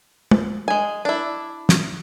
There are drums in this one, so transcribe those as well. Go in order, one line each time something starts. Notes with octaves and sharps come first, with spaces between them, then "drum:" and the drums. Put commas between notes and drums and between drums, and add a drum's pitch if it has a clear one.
drum: tom
G#3 G#5
D4 E4
drum: snare